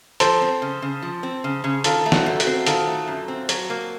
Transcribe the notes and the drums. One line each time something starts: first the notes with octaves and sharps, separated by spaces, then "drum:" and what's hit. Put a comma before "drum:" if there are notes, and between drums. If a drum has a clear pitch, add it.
F3 A4 C5, drum: hi-hat
C4
C#3
C#3
F3
C4
C#3
C#3
D#3 F4 A4, drum: hi-hat
A3
F#4, drum: snare
F#2
F#4, drum: hi-hat
C4
D#3 F4 A4, drum: hi-hat
A3
F#2
C4
F#3, drum: hi-hat
A#3